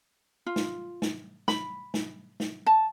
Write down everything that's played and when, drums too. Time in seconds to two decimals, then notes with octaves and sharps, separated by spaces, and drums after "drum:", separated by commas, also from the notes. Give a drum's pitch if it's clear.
0.46 F4
0.56 drum: snare
1.02 drum: snare
1.48 B5, drum: snare
1.94 drum: snare
2.40 drum: snare
2.66 A5